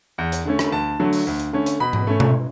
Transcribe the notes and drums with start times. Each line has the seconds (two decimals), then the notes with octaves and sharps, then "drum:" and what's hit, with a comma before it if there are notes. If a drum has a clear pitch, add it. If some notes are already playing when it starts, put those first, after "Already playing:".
0.18 E2
0.32 drum: hi-hat
0.45 D3 A3 C#4
0.59 drum: rim click
0.72 D2 A5
1.00 D3 F#3 A3
1.13 drum: open hi-hat
1.27 D2
1.40 drum: hi-hat
1.53 D3 A3 C#4
1.66 drum: hi-hat
1.80 B2 B5
1.93 drum: tom G#2
2.07 A3 C#4
2.20 drum: tom B2